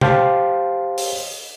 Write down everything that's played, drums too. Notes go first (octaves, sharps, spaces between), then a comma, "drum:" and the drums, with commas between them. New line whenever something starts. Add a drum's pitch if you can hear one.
G4 C5 F5 A5 C6, drum: tom C3
drum: open hi-hat